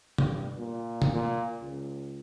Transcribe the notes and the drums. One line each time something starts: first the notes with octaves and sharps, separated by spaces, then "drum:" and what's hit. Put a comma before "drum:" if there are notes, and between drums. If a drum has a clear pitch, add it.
G2, drum: tom C3
A#2
drum: tom C3
A#2
C#2